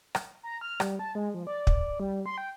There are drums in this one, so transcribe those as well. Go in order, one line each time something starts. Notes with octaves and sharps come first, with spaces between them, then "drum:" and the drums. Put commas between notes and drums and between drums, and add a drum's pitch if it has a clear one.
drum: rim click
A#5
F6
G3, drum: rim click
A5
G#3
F3
D5
drum: kick
G3
C6
G5